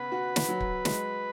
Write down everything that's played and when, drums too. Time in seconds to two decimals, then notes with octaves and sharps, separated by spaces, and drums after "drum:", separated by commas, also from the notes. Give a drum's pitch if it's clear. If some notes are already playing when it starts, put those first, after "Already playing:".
Already playing: C#3 B3 B4
0.12 F#4
0.36 drum: snare
0.48 F#3
0.60 drum: kick
0.85 G#3, drum: snare